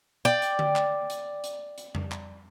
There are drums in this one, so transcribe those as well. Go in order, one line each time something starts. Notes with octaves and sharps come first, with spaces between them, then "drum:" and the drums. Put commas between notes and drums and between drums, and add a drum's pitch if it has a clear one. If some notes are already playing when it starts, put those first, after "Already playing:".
D5 G5
drum: hi-hat
drum: tom D3
drum: clap
drum: hi-hat
drum: hi-hat
drum: hi-hat
drum: tom F2
drum: clap